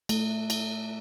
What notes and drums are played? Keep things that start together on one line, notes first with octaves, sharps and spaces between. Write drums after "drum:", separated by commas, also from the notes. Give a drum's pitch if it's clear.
A3, drum: cymbal
drum: cymbal